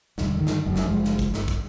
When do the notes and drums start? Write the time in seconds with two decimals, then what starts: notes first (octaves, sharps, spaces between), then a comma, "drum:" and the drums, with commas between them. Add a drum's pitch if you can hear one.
0.18 E1 D2 G3, drum: snare
0.38 D2 G2 D#3
0.47 drum: snare
0.66 F#1 F#2
0.76 drum: snare
0.86 F#1 C#2 F3 G#3
1.05 drum: snare
1.19 drum: kick, hi-hat
1.34 G1, drum: snare
1.48 drum: kick, hi-hat